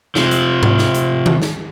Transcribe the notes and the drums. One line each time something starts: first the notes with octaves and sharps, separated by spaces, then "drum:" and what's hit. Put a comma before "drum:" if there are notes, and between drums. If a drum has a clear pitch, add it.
C3 F3, drum: snare
drum: hi-hat
drum: tom G#2
drum: snare
drum: hi-hat
drum: tom D#3
drum: snare